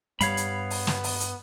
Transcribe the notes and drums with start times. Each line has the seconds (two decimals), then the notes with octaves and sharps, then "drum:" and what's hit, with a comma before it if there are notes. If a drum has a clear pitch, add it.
0.21 G2 G3 B3 C#5 F5 B5, drum: hi-hat
0.37 drum: hi-hat
0.70 drum: open hi-hat
0.87 drum: snare
1.04 drum: open hi-hat
1.20 drum: hi-hat